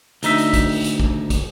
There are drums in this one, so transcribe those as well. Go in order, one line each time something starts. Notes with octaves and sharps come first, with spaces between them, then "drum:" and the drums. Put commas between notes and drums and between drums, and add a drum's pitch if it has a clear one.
D2 D#4 E5, drum: hi-hat
drum: hi-hat
drum: kick, hi-hat
drum: open hi-hat
drum: hi-hat
drum: kick
drum: kick, hi-hat